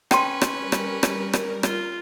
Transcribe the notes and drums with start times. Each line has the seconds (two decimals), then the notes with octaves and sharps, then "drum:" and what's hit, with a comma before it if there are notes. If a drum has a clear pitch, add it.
0.11 C#4 B4 G5 A5 C6, drum: rim click
0.41 drum: rim click
0.58 G3 A#4
0.72 drum: rim click
1.03 drum: rim click
1.33 drum: rim click
1.63 F4, drum: rim click